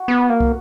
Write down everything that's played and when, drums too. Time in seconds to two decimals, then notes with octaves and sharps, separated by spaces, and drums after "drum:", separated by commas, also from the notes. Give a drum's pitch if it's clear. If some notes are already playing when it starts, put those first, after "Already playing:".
Already playing: F#4
0.08 B3
0.30 A#3
0.40 drum: kick